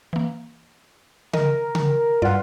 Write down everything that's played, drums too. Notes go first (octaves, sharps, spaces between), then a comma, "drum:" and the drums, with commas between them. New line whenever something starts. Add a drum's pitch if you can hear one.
E3 A#3
A#4 D#5, drum: tom C#3
drum: tom C#3
G2 F4 B4 D5 F#5